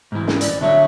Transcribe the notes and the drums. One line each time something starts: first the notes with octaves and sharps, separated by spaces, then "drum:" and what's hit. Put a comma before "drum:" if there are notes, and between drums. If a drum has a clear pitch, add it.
G#2 E3
drum: snare
D5, drum: hi-hat
D3 F#3 C#5 E5